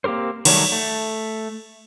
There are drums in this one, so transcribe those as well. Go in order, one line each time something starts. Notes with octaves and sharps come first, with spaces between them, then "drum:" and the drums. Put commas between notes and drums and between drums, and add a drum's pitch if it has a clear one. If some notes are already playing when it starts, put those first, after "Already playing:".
A#3 C4 G4 A#4 C5
D#3 F#3 G3 A3, drum: cymbal
A3